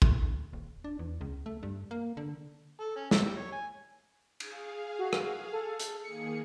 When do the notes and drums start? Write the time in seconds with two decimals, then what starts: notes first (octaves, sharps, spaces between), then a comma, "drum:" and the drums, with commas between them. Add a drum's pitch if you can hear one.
0.02 A2, drum: kick
0.22 D2
0.53 D#1
0.84 D4
0.99 E2
1.21 C#2
1.46 A3
1.63 G2
1.91 A#3
2.17 D3
2.80 A4
2.96 C#4
3.11 E6, drum: snare
3.23 G3
3.37 C#5
3.52 G#5
4.40 G#4 F5, drum: cymbal
4.99 F#4
5.13 drum: rim click
5.52 A4
5.80 drum: hi-hat
6.04 D#3 A#3 G#4 C#7